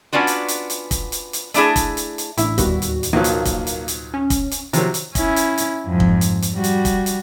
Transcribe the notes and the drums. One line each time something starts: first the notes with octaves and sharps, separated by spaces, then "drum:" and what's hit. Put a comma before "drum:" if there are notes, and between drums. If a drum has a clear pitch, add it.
B3 C#4 D4 F4 F#4
drum: hi-hat
drum: hi-hat
drum: hi-hat
drum: kick, hi-hat
drum: hi-hat
drum: hi-hat
A3 D4 E4 G#4, drum: hi-hat
drum: kick, hi-hat
drum: hi-hat
drum: hi-hat
A1 A3 D4 E4, drum: hi-hat
D1 D#2 G3 B3 F#4, drum: kick, hi-hat
drum: hi-hat
drum: hi-hat
B1 F3 F#3 A#3
drum: hi-hat
drum: kick, hi-hat
drum: hi-hat
drum: hi-hat
C#4
drum: kick, hi-hat
drum: hi-hat
C3 D#3 F3 F#3, drum: hi-hat
drum: hi-hat
C#4 E4, drum: kick, hi-hat
drum: hi-hat
drum: hi-hat
F2 G#2
drum: kick
drum: hi-hat
drum: hi-hat
G3 F#4
drum: hi-hat
drum: kick, hi-hat
drum: hi-hat